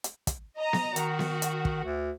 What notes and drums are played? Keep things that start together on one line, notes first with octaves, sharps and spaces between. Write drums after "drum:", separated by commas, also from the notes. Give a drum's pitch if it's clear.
drum: hi-hat
drum: kick, hi-hat
D#5 A#5
drum: snare B3
D#3 F#4, drum: hi-hat
drum: snare B3
drum: hi-hat
drum: kick
D2